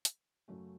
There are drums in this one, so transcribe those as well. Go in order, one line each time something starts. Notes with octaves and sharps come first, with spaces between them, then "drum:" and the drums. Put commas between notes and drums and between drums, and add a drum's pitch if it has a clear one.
drum: hi-hat
F#2 C#3 F#3 A3 C#4